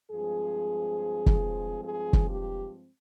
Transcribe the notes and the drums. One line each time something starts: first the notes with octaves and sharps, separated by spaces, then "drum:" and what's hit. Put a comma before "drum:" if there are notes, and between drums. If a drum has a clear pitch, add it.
G2 F3 G#3 C4 G#4
drum: kick
G#4
drum: kick
G4